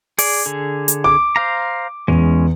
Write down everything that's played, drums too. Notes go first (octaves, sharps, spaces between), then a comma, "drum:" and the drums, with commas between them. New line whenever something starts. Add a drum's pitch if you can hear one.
G#4 D5, drum: open hi-hat
D3 G#4
drum: hi-hat
D6
C5 F5 A#5
E2 G#3 C#4